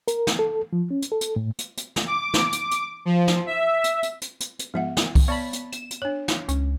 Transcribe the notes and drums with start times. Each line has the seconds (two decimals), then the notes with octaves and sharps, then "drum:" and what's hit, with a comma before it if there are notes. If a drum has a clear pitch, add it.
0.08 A#4, drum: hi-hat
0.27 drum: snare
0.39 A4
0.73 F3
0.91 C#4
1.02 drum: hi-hat
1.12 A4
1.21 drum: hi-hat
1.36 A2
1.59 drum: hi-hat
1.77 drum: hi-hat
1.96 drum: snare
2.07 D6
2.34 drum: snare
2.52 drum: hi-hat
2.71 drum: hi-hat
3.05 F3
3.28 drum: snare
3.46 E5
3.84 drum: hi-hat
4.03 drum: hi-hat
4.22 drum: hi-hat
4.40 drum: hi-hat
4.59 drum: hi-hat
4.74 G#2 F3 G#3 B3 E5 F#5
4.97 drum: snare
5.15 drum: kick C2, open hi-hat
5.28 B3 C#5 D5 A5 B5
5.53 drum: hi-hat
5.72 E7, drum: hi-hat
5.91 drum: hi-hat
6.02 D4 C#5
6.28 drum: snare
6.48 C#2 C#4, drum: hi-hat